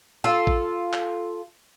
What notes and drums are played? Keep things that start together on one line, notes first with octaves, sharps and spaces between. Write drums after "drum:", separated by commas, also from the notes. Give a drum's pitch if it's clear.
F4 A4
drum: kick A1
drum: clap